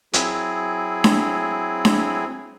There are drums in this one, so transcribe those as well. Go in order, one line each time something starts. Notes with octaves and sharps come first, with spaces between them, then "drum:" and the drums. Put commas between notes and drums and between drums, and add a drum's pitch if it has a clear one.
F#3 C4 E4 G#4, drum: hi-hat
drum: snare D4
drum: snare D4